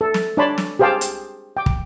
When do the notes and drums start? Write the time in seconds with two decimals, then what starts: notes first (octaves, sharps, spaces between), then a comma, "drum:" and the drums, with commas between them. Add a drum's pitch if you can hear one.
0.01 A4
0.14 drum: snare
0.37 D4 C#5 D5 A5 B5 C6
0.58 drum: snare
0.79 G4 G#4 C5 F5 G5 A5
1.01 drum: hi-hat
1.57 G5 D6
1.66 drum: kick